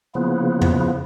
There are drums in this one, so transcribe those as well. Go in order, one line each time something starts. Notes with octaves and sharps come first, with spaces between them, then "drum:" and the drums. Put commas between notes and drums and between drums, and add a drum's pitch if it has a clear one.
C#3 F3 A#3 B3 E4
drum: tom E2